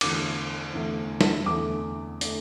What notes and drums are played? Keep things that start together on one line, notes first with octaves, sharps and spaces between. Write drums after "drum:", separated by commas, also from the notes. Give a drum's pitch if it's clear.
E2 D3 A3 D6, drum: cymbal
E2 D3 A3
drum: snare
E2 D3 A3 D6
D3 A3, drum: hi-hat